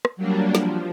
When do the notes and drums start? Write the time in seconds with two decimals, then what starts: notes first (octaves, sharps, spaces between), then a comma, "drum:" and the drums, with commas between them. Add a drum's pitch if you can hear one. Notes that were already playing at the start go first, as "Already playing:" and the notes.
0.05 drum: rim click
0.16 F#3 G3 A#3 D4
0.55 F3, drum: snare